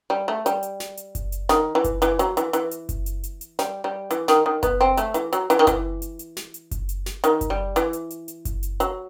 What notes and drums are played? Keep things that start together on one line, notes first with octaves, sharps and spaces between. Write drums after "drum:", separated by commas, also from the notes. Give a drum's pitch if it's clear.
G3
A3
G3, drum: hi-hat
drum: hi-hat
drum: snare
drum: hi-hat
drum: kick F#1, hi-hat
drum: hi-hat
D#3, drum: snare
E3
drum: kick F#1, hi-hat
E3, drum: hi-hat
F#3, drum: hi-hat
E3, drum: hi-hat
E3, drum: hi-hat
drum: hi-hat
drum: kick F#1, hi-hat
drum: hi-hat
drum: hi-hat
drum: hi-hat
G3, drum: snare
G3
E3, drum: hi-hat
D#3, drum: snare
D#3
B3, drum: kick F#1, hi-hat
C4
A3, drum: hi-hat
E3, drum: hi-hat
F#3, drum: hi-hat
E3, drum: hi-hat
D#3
E3, drum: kick F#1, hi-hat
drum: hi-hat
drum: hi-hat
drum: snare
drum: hi-hat
drum: kick F#1, hi-hat
drum: hi-hat
drum: snare
D#3, drum: hi-hat
drum: kick F#1, hi-hat
G3
E3, drum: hi-hat
drum: hi-hat
drum: hi-hat
drum: hi-hat
drum: kick F#1, hi-hat
drum: hi-hat
F#3, drum: hi-hat